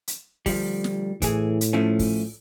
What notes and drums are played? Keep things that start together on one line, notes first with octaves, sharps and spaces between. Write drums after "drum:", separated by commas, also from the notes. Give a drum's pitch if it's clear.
drum: hi-hat
D2 F3 G3, drum: kick, open hi-hat
drum: snare
A2 E3 G#4, drum: kick, hi-hat
drum: hi-hat
F3 A3 C#4
drum: kick, open hi-hat